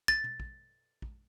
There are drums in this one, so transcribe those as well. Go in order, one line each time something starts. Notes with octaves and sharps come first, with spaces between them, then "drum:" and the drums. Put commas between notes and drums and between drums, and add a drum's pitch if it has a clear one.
A6, drum: kick
drum: tom
drum: kick
drum: kick